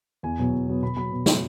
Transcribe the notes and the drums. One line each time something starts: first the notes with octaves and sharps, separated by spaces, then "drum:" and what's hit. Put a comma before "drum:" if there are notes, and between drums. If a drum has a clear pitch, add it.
E2 G#5
B2 F#3 B3
E2
B2 F#3 B3
B2 B5
F#3 B3 B5
B2
F#3 B3, drum: snare